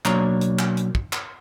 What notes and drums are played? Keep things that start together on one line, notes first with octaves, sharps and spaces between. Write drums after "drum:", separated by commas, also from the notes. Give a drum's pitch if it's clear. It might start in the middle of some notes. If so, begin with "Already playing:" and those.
B2 F#3 A#3 D4 C#5 A#5, drum: clap
drum: hi-hat
drum: clap
drum: hi-hat
drum: kick
drum: clap